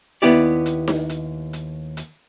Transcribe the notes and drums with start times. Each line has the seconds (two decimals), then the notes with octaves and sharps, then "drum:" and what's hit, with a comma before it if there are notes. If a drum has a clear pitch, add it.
0.22 D#2 B3 E4 G4 D5
0.66 drum: hi-hat
0.88 drum: snare D#4
1.09 drum: hi-hat
1.53 drum: hi-hat
1.97 drum: hi-hat